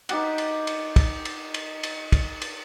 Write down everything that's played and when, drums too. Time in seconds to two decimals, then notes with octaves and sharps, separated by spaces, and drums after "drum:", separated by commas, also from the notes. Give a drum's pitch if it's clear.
0.09 D#4 G4 F#5, drum: cymbal
0.38 drum: cymbal
0.67 drum: cymbal
0.96 drum: kick, cymbal
1.25 drum: cymbal
1.54 drum: cymbal
1.83 drum: cymbal
2.12 drum: kick, cymbal
2.42 drum: cymbal